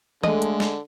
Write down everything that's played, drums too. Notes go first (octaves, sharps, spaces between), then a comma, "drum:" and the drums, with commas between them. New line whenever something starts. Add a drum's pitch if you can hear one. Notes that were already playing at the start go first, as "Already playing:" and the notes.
D3 G#3 A3 D#5, drum: tom E3
drum: hi-hat
drum: snare